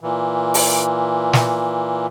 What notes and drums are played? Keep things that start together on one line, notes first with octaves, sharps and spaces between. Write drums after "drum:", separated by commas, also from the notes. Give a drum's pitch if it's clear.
A#2 E3
drum: open hi-hat
drum: snare